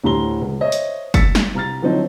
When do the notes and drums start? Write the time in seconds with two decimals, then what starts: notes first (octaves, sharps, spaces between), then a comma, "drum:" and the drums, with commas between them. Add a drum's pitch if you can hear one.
0.04 D2 A2 G3 A#5 C6 G7
0.41 C#2
0.61 C5 C#5 D#5 E5
0.72 drum: hi-hat
1.14 E6 A6 B6 C#7, drum: kick, hi-hat
1.35 drum: snare
1.55 C2 A#5 F6 A6
1.82 D3 F3 F#3 C4 D#4 E4